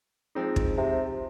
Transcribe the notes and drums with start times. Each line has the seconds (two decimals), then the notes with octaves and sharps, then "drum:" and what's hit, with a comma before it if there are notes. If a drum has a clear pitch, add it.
0.35 F3 G#3 C4 D#4
0.56 drum: kick
0.77 C3